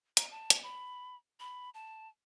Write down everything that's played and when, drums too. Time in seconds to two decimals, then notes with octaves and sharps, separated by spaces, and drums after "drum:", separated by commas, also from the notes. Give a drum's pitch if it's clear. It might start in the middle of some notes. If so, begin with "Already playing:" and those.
0.17 A#5, drum: hi-hat
0.31 A5
0.50 drum: hi-hat
0.63 B5
1.40 B5
1.74 A5